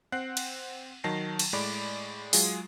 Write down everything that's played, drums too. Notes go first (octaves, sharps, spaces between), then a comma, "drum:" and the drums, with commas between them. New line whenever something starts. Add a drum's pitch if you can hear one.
C4 F#5 F#6 C7
drum: cymbal
D#3 F#3 A5 A#6 C7
drum: cymbal
A2 G#3 D5 B5 D6
F#3 G#3 F4 G#4, drum: open hi-hat